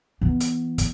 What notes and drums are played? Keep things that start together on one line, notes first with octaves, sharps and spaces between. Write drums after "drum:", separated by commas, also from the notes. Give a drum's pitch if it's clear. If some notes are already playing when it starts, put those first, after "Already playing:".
E3 B3
drum: hi-hat
drum: kick, hi-hat